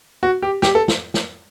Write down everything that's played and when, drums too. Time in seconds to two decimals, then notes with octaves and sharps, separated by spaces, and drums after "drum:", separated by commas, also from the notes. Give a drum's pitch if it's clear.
0.23 F#4
0.42 G4
0.62 G4, drum: snare
0.75 A4
0.88 drum: snare
1.14 drum: snare